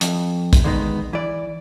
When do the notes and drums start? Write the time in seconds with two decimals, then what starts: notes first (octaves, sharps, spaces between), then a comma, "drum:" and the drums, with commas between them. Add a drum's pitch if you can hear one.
0.01 F2, drum: hi-hat
0.53 drum: kick, hi-hat
0.64 D3 D#3 G#3 B3 D#4
1.13 E3 D5